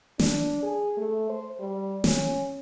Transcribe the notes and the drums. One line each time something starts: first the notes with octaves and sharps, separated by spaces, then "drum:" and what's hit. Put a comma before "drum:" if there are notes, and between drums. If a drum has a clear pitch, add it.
D4, drum: snare
G#4
A3
C5
G3
C#4, drum: snare